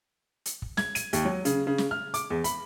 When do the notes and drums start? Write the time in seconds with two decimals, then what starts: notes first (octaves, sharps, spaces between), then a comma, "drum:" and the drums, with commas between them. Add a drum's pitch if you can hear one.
0.45 drum: hi-hat
0.62 drum: kick
0.77 G#6, drum: snare
0.95 D#7, drum: hi-hat
1.13 D#2, drum: hi-hat
1.25 F#3
1.45 C#3, drum: hi-hat
1.67 C#3
1.78 drum: snare
1.91 F6
2.14 D6, drum: hi-hat
2.30 E2
2.44 B5, drum: hi-hat